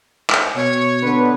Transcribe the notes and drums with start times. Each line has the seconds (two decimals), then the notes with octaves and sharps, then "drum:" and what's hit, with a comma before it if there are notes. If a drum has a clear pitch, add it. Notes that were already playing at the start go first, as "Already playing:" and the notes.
0.30 drum: clap
0.56 B2 C#5
1.03 D3 B3 B4